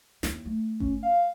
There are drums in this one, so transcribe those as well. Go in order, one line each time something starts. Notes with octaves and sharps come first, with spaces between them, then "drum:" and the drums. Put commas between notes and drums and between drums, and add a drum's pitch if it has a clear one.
D#2 E4, drum: snare
A3
C#4, drum: kick G1
F5